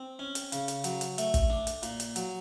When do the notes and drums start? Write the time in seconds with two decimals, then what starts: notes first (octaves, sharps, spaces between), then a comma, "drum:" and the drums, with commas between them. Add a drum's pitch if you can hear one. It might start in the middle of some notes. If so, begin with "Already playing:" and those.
Already playing: C4
0.19 C#4
0.35 drum: hi-hat
0.52 C#3, drum: hi-hat
0.68 drum: hi-hat
0.84 F#3, drum: hi-hat
1.01 drum: hi-hat
1.18 A3, drum: hi-hat
1.34 drum: kick, hi-hat
1.50 D4
1.67 drum: hi-hat
1.83 A#2, drum: hi-hat
2.00 drum: hi-hat
2.16 F#3, drum: hi-hat